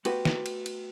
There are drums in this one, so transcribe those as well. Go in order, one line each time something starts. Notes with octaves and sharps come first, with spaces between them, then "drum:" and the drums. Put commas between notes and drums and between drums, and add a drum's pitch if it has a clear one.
A3 B3 F#4 G4 B4 C5, drum: cymbal
drum: snare
drum: cymbal
drum: cymbal